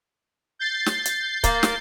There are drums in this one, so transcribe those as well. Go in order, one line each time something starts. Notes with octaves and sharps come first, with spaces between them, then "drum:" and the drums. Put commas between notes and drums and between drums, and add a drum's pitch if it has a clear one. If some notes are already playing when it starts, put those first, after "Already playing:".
G6 A6 C7
drum: snare
drum: hi-hat
A#3, drum: kick C#1, hi-hat
drum: snare